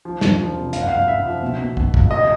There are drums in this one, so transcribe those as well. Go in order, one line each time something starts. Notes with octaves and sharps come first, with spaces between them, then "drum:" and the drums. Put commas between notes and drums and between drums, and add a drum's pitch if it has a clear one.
F3
E1, drum: snare
F3
C3
F#1 F5, drum: hi-hat
F#5
F#1 F5
F#1 E5
F3
B2
B2
B2, drum: kick
C#2, drum: kick
A1 D#5